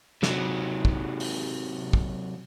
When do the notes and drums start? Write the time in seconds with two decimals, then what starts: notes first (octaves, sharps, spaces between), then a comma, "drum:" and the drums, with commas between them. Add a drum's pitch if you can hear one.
0.23 C3 F#3, drum: snare
0.85 drum: kick
1.20 drum: open hi-hat
1.93 drum: kick